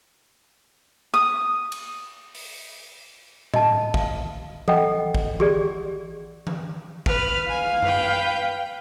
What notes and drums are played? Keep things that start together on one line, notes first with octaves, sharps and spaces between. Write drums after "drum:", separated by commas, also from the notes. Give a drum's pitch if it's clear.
D#6
drum: cymbal
drum: open hi-hat
D#5 A5, drum: tom A2
F5, drum: kick
A4 D#5 F#5 G5, drum: tom E3
drum: kick
G4 G#4 D5, drum: tom E3
drum: tom E3
B4 F6, drum: kick
F5 G#5
B4 G5, drum: tom F#2